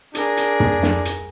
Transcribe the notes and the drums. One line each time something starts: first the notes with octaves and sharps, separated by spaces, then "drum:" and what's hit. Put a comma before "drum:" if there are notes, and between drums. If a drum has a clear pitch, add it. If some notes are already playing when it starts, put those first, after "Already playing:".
D4 G#4 A#4, drum: hi-hat
drum: hi-hat
drum: tom
drum: snare
drum: hi-hat